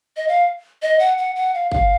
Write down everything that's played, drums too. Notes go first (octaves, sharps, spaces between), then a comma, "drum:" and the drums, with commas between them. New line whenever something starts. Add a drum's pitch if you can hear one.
D#5
F5
D#5
F#5
F#5
F#5
F5
F5, drum: kick G1